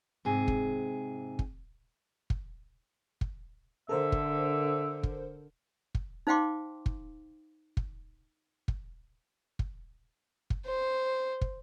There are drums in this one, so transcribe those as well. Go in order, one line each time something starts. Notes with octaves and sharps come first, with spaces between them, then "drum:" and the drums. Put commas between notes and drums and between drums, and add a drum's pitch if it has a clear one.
G#2 C3 G#4
drum: kick
drum: kick
drum: kick
drum: kick
D3 A4 A#4 C5 E5
drum: kick
drum: kick
drum: kick
D#4 C5 F5 G5 C6 D6
drum: kick
drum: kick
drum: kick
drum: kick
drum: kick
C5
drum: kick